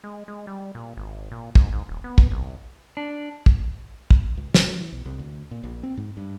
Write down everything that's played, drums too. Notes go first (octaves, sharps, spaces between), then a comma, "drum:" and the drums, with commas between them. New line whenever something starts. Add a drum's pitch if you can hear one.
G#3
G#3
G3
A#2
G#1
A#2
G#2, drum: kick
G#2
D#1
B3
drum: kick
C2
D4
drum: kick
drum: kick
C#2
D#1, drum: snare
F#3
E3
B1
C2
D2
A#2
A#1
C4
G#2
G2